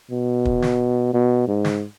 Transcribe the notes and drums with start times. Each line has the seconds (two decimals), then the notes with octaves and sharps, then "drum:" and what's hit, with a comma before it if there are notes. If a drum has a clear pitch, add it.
0.11 B2
0.45 drum: kick
0.62 drum: snare
1.14 B2
1.48 G#2
1.65 drum: snare